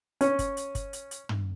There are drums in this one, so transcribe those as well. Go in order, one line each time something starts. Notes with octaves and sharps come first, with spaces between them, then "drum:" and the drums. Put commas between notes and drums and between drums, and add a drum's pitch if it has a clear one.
C#4, drum: hi-hat
drum: kick G1, hi-hat
drum: hi-hat
drum: kick G1, hi-hat
drum: hi-hat
drum: hi-hat
drum: tom